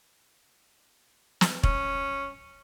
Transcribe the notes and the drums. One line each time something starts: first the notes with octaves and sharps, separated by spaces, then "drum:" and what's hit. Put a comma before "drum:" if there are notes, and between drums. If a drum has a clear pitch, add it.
drum: snare
C#4, drum: kick